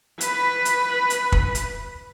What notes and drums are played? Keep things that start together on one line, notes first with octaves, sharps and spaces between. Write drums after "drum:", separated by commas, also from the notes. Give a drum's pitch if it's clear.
B4 B5, drum: hi-hat
drum: hi-hat
drum: hi-hat
drum: kick
drum: hi-hat